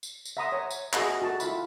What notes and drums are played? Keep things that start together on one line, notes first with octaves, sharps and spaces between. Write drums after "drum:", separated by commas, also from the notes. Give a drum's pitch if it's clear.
drum: tambourine
drum: tambourine
E5 F#5 A#5 C6 D#6
C#5
drum: tambourine
F#4 G#4 D#5 E5 F#5, drum: clap
F#4 A4 A5
E4 F4 E5 B5, drum: tambourine